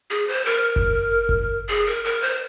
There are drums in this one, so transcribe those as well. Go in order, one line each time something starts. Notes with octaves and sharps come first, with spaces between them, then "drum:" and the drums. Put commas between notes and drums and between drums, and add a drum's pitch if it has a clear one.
G#4
C5
A#4
drum: kick F#1
drum: kick F#1
G#4
A#4
A#4
C5